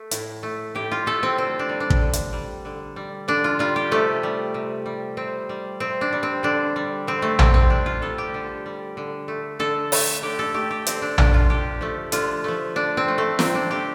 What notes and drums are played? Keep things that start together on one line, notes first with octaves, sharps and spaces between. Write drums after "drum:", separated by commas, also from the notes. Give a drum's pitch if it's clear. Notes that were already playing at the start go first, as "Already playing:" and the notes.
Already playing: A3
A2, drum: hi-hat
A3
A2 G4
F4
A3 A4
C4
D3 C4
D4
G3
D4
drum: kick
D3
drum: hi-hat
G3
D3
G3
D3 D4
F4
G3 F4
G4
C3 A3
G3
C3
G3
C3 C4
G3
C3 C4
D4
G3
C4
D3 D4
G3
D3 C4
A3
G3 C4, drum: tom
C4
D3 D4
F4
G3 A4
G4
D3
G3
D3
A3
D3 A4
A3, drum: open hi-hat
D3 G4
A4
A3 G4
G4
D3 C4, drum: hi-hat
D4
A3 D4, drum: tom
F4
D3 G4
F3 A3
D3 F4, drum: hi-hat
F3 A3
D3 D4
C4
F3 A3
A3
D3 C4, drum: snare
D4
F3 A3 G4